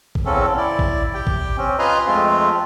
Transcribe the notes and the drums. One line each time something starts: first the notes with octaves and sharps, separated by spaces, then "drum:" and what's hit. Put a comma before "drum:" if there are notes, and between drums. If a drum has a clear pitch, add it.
drum: kick
E2 C#3 C4 C#4 A4
E4 D5
drum: kick
G4 G5
drum: kick
C4 C#4
F4 B4 D#5 G#5 A#5 C6
F2 G#3 A3 C4 F4